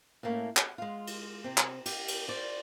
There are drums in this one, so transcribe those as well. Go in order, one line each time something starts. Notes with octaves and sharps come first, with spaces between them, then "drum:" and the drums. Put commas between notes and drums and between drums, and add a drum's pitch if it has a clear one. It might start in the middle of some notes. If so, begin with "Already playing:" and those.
A2 A3 A#3 C#4
F#5, drum: clap
G#3 F4
drum: cymbal
C3 C4
drum: clap
G4, drum: cymbal
drum: cymbal
C5 D5